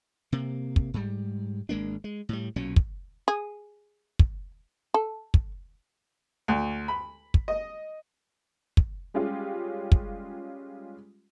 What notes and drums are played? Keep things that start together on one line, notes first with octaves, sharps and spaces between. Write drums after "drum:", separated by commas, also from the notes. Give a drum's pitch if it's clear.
C3 A#3
drum: kick
G#2 G3
G#1 G#3 A#3 D4
G#3
A2 G3
B1 A#2 F#3 C#4
drum: kick
G#4
drum: kick
A4
drum: kick
D2
B5
drum: kick
D#5
drum: kick
G3 G#3 C#4 F4 G4
drum: kick